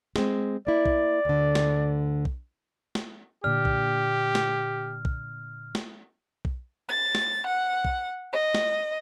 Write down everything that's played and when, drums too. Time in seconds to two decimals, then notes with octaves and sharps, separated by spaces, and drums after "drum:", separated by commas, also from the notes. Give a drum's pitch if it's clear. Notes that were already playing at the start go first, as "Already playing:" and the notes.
0.16 G#3 C4, drum: snare
0.67 A#3 E4 D5
0.85 drum: kick B1
1.25 D2 D3
1.55 drum: snare
2.25 drum: kick B1
2.95 drum: snare
3.44 A#2 D3 G4 D5 F6
3.65 drum: kick B1
4.35 drum: snare
5.05 drum: kick B1
5.75 drum: snare
6.45 drum: kick B1
6.89 A6
7.15 drum: snare
7.47 F#5
7.85 drum: kick B1
8.32 D#5
8.55 drum: snare